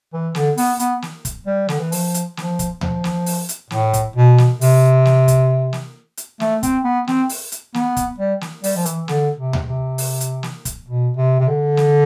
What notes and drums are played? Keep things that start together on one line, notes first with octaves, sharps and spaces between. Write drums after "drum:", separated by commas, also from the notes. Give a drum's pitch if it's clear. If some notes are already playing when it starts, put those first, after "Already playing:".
E3
D3, drum: snare
B3, drum: open hi-hat
B3, drum: hi-hat
drum: snare
drum: kick, hi-hat
G3
D3, drum: snare
E3
F3, drum: open hi-hat
drum: hi-hat
F3, drum: snare
drum: kick, hi-hat
F3, drum: tom D2
drum: snare
drum: open hi-hat
drum: hi-hat
A2, drum: snare
drum: kick, hi-hat
B2
drum: snare
C3, drum: open hi-hat
drum: snare
drum: kick, hi-hat
drum: snare
drum: hi-hat
A3, drum: snare
C4, drum: kick, hi-hat
B3
C4, drum: snare
drum: open hi-hat
drum: hi-hat
B3, drum: snare
drum: kick, hi-hat
G3
drum: snare
G3, drum: open hi-hat
F3
E3, drum: hi-hat
D3, drum: snare
C3
drum: tom D2
C3
drum: open hi-hat
drum: hi-hat
drum: snare
drum: kick, hi-hat
B2
C3
C3
D3
drum: snare